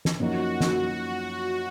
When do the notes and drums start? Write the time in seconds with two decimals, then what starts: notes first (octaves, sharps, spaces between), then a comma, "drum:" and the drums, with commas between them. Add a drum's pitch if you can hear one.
0.05 drum: snare
0.20 F#2 F3 A#3 D#4 F#4
0.61 drum: snare